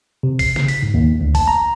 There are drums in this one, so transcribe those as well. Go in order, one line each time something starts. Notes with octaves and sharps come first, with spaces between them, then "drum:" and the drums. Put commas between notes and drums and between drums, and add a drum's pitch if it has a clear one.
C3
C7, drum: kick, open hi-hat
C#3, drum: snare
B6, drum: open hi-hat
G#2
D#2
D2
A5, drum: kick, open hi-hat
A#5